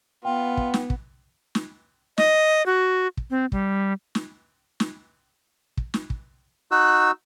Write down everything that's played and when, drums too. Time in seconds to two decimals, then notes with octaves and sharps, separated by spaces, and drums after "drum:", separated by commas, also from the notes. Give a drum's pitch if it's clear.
0.25 B3 F4 G5
0.57 drum: kick
0.74 drum: snare
0.90 drum: kick
1.55 drum: snare
2.18 D#5, drum: snare
2.66 F#4
3.17 drum: kick
3.30 C4
3.52 G3, drum: kick
4.15 drum: snare
4.80 drum: snare
5.77 drum: kick
5.94 drum: snare
6.10 drum: kick
6.71 D#4 F#4 E6 F#6